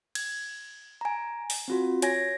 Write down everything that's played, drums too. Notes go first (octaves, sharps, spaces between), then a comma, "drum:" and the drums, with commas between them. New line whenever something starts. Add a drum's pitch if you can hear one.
G#6, drum: cymbal
G#5 A#5
drum: open hi-hat
C4 F4 F#4
C#5 G#5 G#6 A#6, drum: hi-hat